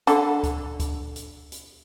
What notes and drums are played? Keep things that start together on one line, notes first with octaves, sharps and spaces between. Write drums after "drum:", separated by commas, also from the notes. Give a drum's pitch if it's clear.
D3 A4, drum: hi-hat
drum: kick C#2, hi-hat
drum: kick C#2, hi-hat
drum: hi-hat
drum: hi-hat